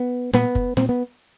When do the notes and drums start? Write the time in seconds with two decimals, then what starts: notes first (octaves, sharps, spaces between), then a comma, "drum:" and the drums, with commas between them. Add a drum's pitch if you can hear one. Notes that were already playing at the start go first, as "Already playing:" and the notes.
Already playing: B3
0.33 A#2 B3, drum: snare
0.55 drum: kick
0.77 A#2 C4, drum: snare
0.89 B3